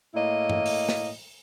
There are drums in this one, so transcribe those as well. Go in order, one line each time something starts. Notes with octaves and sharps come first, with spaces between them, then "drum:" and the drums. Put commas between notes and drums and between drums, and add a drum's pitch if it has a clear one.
A2 A#3 E4 D#5
drum: tom G2
drum: open hi-hat
drum: snare